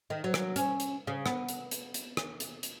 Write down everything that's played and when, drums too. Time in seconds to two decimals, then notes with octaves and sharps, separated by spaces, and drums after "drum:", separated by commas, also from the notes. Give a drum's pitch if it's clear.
0.10 D#3
0.24 F#3
0.34 drum: rim click
0.56 C#4, drum: hi-hat
0.80 drum: hi-hat
1.07 C#3
1.26 B3, drum: rim click
1.49 drum: hi-hat
1.71 drum: hi-hat
1.94 drum: hi-hat
2.17 drum: rim click
2.40 drum: hi-hat
2.63 drum: hi-hat